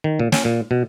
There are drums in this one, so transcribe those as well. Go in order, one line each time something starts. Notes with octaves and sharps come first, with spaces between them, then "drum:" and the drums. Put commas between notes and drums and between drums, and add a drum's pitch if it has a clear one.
D#3
A#2
C#4, drum: snare
A#2
B2